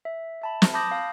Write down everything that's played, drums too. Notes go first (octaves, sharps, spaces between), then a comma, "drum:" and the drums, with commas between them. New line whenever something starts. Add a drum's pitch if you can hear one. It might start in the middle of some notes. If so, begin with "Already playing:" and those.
E5
E5 A5 B5
drum: snare
A5 B5 D6 D#6 G6 A#6
F5